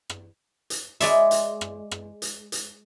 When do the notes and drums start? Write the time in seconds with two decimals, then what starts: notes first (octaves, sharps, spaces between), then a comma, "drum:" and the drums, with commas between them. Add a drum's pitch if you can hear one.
0.10 drum: rim click
0.70 drum: hi-hat
1.00 G#3 D5 E5, drum: hi-hat
1.31 drum: hi-hat
1.61 drum: rim click
1.91 drum: rim click
2.22 drum: hi-hat
2.52 drum: hi-hat